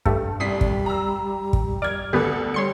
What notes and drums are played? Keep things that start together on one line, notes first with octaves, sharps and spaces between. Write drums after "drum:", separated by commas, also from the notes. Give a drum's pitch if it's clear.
G2 A3, drum: kick
C2 G3 D#6 B6 C7
drum: kick
A#5 E6
drum: kick
D5 F6 G#6
D2 B3 G4 A4
G3 C#5 C6 C#7